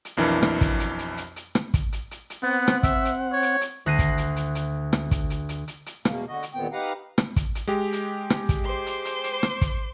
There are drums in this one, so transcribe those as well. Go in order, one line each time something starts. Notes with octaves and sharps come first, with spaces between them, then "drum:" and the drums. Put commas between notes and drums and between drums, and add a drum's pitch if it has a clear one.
drum: hi-hat
B1 F2 E3 D4 A#4
drum: rim click
drum: kick, hi-hat
drum: hi-hat
drum: hi-hat
drum: hi-hat
drum: hi-hat
drum: rim click
drum: kick, hi-hat
drum: hi-hat
drum: hi-hat
drum: hi-hat
B3 C4 F#5
drum: rim click
E5, drum: kick, hi-hat
drum: hi-hat
C#5
drum: hi-hat
drum: hi-hat
D2 F#6 A#6 C7 D#7
drum: kick, hi-hat
drum: hi-hat
drum: hi-hat
drum: hi-hat
drum: rim click
drum: kick, hi-hat
drum: hi-hat
drum: hi-hat
drum: hi-hat
drum: hi-hat
E2 B2 A#3, drum: rim click
D3 F#4 D#5
drum: hi-hat
E2 A#2 D#3 B3 C4 G5
D#4 G4 B4 F5 F#5 A#5
drum: rim click
drum: kick, hi-hat
drum: hi-hat
G#3 G4
drum: hi-hat
drum: rim click
drum: kick, hi-hat
C5 C6 D6
drum: hi-hat
drum: hi-hat
drum: hi-hat
drum: rim click
drum: kick, hi-hat